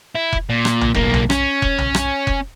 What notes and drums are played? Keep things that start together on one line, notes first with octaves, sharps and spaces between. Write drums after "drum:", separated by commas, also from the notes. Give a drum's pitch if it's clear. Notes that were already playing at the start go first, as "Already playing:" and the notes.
E4
drum: kick F1
A#2
drum: rim click
drum: tom B1
B1 A#3, drum: kick F1
drum: tom B1
C#4, drum: rim click
drum: kick F1
drum: tom B1
drum: rim click
drum: kick F1